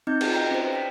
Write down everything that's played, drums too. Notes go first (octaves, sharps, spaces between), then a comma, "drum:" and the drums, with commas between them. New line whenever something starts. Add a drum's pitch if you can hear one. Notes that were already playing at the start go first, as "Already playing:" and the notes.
C4 D#4 D#5 G6
F4 F#4 G#4 B4, drum: cymbal
D#5 G5 A#5
C#4 B4 C5
G5 B6